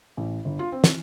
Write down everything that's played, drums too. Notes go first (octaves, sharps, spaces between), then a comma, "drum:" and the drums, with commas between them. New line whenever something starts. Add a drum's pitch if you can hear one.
A1
G1
F4
C4
E3, drum: snare